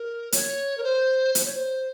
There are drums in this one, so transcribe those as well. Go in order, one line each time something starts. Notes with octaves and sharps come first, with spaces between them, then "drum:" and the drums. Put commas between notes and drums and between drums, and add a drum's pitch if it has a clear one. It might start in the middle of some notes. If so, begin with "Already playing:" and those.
Already playing: A#4
C#5, drum: hi-hat
A#4
C5
C5, drum: hi-hat
C#5
C5